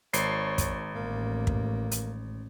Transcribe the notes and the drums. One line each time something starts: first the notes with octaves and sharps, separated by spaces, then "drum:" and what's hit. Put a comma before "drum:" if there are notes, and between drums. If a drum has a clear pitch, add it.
G#1 C#5 C7, drum: hi-hat
drum: kick, hi-hat
A1 A#3
drum: kick
drum: hi-hat